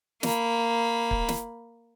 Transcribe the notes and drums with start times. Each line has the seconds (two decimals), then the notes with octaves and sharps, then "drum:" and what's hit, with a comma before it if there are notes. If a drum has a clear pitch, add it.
0.23 A#3 B5, drum: snare
1.11 drum: kick
1.29 drum: snare